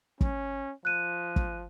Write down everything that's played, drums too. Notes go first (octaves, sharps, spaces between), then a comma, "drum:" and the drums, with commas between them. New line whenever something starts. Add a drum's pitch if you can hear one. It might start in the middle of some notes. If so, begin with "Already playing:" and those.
C#4, drum: kick
F3 F#6 D#7
drum: kick